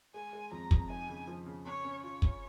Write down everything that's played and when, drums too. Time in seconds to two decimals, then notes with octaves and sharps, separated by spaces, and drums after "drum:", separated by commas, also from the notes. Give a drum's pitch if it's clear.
0.14 G#3 G#5
0.33 G#3
0.52 F2 A#5
0.71 F2, drum: kick
0.90 D#4 G#5
1.09 C#3
1.27 F3
1.46 C#3
1.65 C#4 C#5
1.84 C#4
2.03 F4 C#5
2.22 C#4, drum: kick